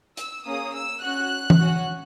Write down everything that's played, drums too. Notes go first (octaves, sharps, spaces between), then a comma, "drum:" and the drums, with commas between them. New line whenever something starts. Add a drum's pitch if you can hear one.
E6, drum: hi-hat
A#3 C#4 G#4 D#6
E6
C#4 F#4 F#6
drum: tom E3
C#4 F#4